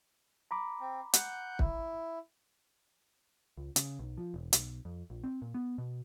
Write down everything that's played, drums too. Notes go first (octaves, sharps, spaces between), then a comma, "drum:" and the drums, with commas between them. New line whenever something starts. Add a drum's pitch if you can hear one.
A#5 B5 D6
C4
F#5 G6, drum: hi-hat
E4, drum: kick
C#2
C#3, drum: hi-hat
B1
F3
E1
B1, drum: hi-hat
F2
A#1
C4
A#2
B3
B2